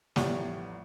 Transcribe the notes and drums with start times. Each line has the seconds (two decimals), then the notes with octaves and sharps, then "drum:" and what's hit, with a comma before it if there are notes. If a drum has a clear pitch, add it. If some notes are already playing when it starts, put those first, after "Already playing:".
0.16 A1 E2 F3 G3 G4 C#6, drum: snare